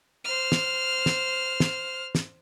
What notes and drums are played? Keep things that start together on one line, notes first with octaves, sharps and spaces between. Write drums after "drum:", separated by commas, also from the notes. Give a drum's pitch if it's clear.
C5 F6
drum: snare
drum: snare
drum: snare
drum: snare